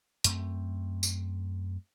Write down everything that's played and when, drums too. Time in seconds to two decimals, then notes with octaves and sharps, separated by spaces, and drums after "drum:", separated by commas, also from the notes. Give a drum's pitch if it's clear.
0.24 F#2 A3 C4, drum: hi-hat
1.03 drum: tambourine